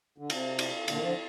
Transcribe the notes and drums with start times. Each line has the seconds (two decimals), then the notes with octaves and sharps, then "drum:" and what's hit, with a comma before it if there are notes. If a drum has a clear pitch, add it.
0.18 D3
0.30 C3, drum: cymbal
0.59 drum: cymbal
0.88 A#2 D3, drum: cymbal
0.96 D#3
1.03 D3 F3